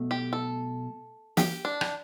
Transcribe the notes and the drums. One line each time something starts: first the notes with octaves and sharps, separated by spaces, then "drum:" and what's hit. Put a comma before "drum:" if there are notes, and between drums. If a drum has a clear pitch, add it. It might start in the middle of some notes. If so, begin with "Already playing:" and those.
Already playing: B1 B2 A3
G4
A4
G4, drum: snare
D4
drum: rim click